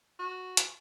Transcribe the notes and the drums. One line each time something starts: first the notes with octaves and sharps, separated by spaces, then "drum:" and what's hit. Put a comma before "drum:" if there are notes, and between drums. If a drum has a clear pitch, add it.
F#4
drum: hi-hat